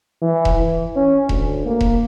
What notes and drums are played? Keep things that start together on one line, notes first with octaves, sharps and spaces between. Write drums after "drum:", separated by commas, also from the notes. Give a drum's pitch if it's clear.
E3
drum: kick E1
E3
C#4
D2, drum: kick E1
A#3
drum: kick E1